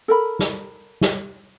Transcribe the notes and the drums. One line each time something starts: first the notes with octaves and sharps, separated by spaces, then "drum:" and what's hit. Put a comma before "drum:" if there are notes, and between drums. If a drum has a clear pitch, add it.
A4 A#4 B5
drum: snare
drum: snare